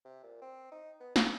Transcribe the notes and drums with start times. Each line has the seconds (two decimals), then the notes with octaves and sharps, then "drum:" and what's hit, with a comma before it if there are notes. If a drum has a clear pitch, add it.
0.05 C3
0.23 A#2
0.42 C4
0.72 D#4
1.00 B3
1.16 G#4, drum: snare